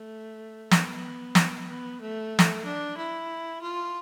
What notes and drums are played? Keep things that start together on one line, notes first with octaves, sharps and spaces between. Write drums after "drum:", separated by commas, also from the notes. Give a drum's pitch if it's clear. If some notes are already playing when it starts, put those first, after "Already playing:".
Already playing: A3
B3, drum: snare
drum: snare
B3
A3
drum: snare
D4
E4
F4